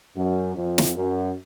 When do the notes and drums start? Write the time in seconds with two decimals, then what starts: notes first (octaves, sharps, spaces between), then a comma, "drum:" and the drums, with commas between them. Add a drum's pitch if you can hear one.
0.15 F#2
0.55 F2
0.78 drum: snare
0.96 F#2